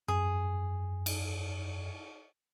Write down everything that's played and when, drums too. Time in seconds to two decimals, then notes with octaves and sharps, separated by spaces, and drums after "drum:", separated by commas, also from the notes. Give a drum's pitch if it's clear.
0.08 F#2 G#4
1.06 drum: cymbal